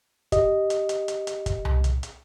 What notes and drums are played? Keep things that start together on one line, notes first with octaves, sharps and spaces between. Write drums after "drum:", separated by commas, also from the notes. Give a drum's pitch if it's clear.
G4 D#5, drum: kick, hi-hat
drum: hi-hat
drum: hi-hat
drum: hi-hat
drum: hi-hat
drum: kick, hi-hat
drum: tom C2
drum: hi-hat
drum: hi-hat